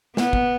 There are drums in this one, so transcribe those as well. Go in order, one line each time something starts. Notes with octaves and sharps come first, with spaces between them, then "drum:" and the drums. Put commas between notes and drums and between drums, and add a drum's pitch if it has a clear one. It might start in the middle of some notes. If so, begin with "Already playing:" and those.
B3, drum: snare
drum: kick